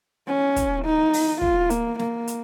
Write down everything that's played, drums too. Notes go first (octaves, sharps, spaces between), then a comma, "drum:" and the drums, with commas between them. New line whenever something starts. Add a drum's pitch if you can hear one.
C#4
drum: kick, hi-hat
D#4
drum: open hi-hat
F4, drum: kick
A#3, drum: hi-hat
A#3, drum: snare
drum: hi-hat